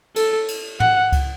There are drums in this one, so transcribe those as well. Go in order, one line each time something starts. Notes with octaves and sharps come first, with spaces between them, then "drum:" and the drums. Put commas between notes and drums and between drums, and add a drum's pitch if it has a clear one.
A4, drum: cymbal
drum: cymbal
F#5, drum: tom
drum: kick C#2, cymbal